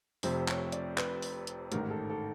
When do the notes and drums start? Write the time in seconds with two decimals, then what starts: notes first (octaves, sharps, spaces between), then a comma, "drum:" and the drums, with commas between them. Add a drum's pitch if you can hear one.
0.23 F1 F2 C3 C5, drum: open hi-hat
0.48 C#5, drum: clap
0.72 D5, drum: hi-hat
0.98 B4, drum: clap
1.22 drum: open hi-hat
1.47 drum: hi-hat
1.72 A1 G#2 D#3 A#4, drum: hi-hat
1.91 A4
2.10 A4